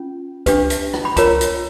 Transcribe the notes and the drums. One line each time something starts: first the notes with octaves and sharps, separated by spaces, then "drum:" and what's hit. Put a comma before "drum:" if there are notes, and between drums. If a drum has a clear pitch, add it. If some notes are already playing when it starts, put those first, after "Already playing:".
Already playing: C#4 F4
D4 G4 B4, drum: kick C#2, hi-hat
drum: hi-hat
drum: rim click
B5
F4 A#4 C#5 A#5, drum: kick C#2, hi-hat
drum: hi-hat